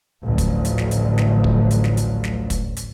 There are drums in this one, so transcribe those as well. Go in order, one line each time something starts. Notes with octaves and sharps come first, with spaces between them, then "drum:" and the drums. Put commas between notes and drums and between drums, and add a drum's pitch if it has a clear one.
A1 D2 F3 F#3
drum: kick, hi-hat
drum: hi-hat
drum: snare
drum: hi-hat
drum: snare
drum: kick
drum: hi-hat
drum: snare
drum: hi-hat
drum: snare
drum: kick, hi-hat
drum: hi-hat